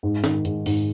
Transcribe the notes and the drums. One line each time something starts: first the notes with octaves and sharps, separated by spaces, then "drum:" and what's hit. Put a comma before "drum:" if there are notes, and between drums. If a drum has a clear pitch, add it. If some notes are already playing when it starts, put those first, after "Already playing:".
G#2
D#3, drum: snare
G#2, drum: hi-hat
G#2, drum: open hi-hat